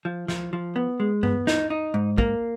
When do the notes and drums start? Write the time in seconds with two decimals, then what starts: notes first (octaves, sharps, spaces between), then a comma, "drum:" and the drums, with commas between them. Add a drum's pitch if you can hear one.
0.05 F3
0.28 F3, drum: snare
0.53 F3
0.76 B3
1.00 G#3
1.23 B3, drum: tom G2
1.47 D#4, drum: snare
1.70 D#4
1.94 G#2
2.18 A#3, drum: kick